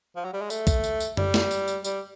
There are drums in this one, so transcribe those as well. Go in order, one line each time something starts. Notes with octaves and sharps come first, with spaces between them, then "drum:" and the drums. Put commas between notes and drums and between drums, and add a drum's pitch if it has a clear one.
F3
F#3
G3
G#3
A3, drum: tambourine
drum: kick B1, tambourine
drum: tambourine
drum: tambourine
G3, drum: tom F#2
drum: snare
drum: tambourine
drum: tambourine
G3, drum: tambourine